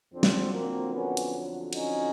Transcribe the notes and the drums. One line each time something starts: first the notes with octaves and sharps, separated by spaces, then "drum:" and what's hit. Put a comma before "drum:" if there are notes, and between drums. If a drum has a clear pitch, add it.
F2 D3 F#3 C4 D4
drum: snare
A#3 C4
B3 C#4
drum: hi-hat
C#4 D#4, drum: cymbal